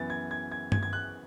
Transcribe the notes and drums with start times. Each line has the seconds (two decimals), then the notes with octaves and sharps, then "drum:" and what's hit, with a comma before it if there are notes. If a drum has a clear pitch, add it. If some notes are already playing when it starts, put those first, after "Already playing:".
Already playing: F#2 E3 B3 A6
0.10 G#6
0.31 G#6
0.52 G#6
0.72 G#6, drum: tom G2
0.83 G#6
0.93 F#6